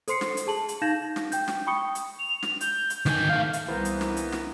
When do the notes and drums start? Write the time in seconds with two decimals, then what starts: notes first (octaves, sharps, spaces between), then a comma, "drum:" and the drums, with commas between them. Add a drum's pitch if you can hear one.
0.08 A4 C5 C6 C7 C#7, drum: hi-hat
0.21 drum: snare
0.37 drum: hi-hat
0.47 G#4 A5 F#7
0.69 drum: hi-hat
0.82 D#4 F5 G6 A#6 E7
1.16 drum: snare
1.32 G5 G6, drum: hi-hat
1.48 drum: snare
1.67 G5 B5 C#6 D#6 C#7
1.95 drum: hi-hat
2.19 F7
2.43 drum: snare
2.61 G6, drum: hi-hat
2.90 drum: hi-hat
3.06 D#3 G#5 G6, drum: snare
3.30 A3 F5
3.53 drum: hi-hat
3.68 C2 E3 G#3 A#3 B3 A#4 C5
3.85 drum: hi-hat
4.01 drum: snare
4.17 drum: hi-hat
4.32 drum: snare